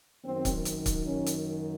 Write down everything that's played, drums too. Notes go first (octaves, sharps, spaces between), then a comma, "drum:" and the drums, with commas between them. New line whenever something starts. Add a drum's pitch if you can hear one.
F#2 D#3 F#3 C4
drum: kick C#1, hi-hat
drum: hi-hat
drum: kick C#1, hi-hat
C#4
drum: hi-hat